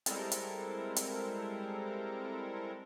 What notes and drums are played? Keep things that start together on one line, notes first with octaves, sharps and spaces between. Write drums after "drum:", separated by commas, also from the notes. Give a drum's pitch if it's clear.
G3 G#3 C4 E4 A4 A#4, drum: hi-hat
drum: hi-hat
drum: hi-hat